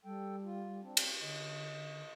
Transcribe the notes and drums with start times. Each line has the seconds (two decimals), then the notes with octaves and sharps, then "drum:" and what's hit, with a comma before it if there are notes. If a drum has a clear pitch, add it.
0.05 G3 A4 G5
0.43 F4
0.82 C4 D4
0.97 drum: cymbal
1.21 D3 D#5